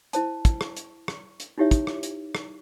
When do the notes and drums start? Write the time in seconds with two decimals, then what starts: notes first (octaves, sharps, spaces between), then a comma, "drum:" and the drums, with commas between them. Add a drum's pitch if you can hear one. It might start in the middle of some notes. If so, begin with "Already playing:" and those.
0.13 E4 C5 A5, drum: hi-hat
0.45 drum: kick, hi-hat
0.61 drum: rim click
0.77 drum: hi-hat
1.08 drum: rim click
1.40 drum: hi-hat
1.58 D#4 E4 G4 C#5 E5
1.71 drum: kick, hi-hat
1.87 drum: rim click
2.03 drum: hi-hat
2.35 drum: rim click